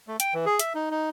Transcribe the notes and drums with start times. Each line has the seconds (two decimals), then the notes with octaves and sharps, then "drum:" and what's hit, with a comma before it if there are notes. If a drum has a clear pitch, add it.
0.08 A3
0.20 G5, drum: hi-hat
0.34 E3
0.46 G#4
0.59 E5, drum: hi-hat
0.75 D#4
0.91 D#4